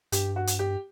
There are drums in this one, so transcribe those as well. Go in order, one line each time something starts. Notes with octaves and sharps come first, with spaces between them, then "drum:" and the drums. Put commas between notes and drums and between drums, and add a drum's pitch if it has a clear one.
G2 G4, drum: hi-hat
F#4
drum: hi-hat
G4